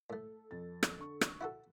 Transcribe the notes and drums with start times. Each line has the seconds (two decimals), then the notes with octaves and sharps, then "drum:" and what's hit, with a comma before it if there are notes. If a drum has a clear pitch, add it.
0.10 A2 A3 A4
0.51 F2 A6
0.83 drum: rim click
0.99 D3 C#6
1.21 drum: rim click
1.41 E4 F#4 A4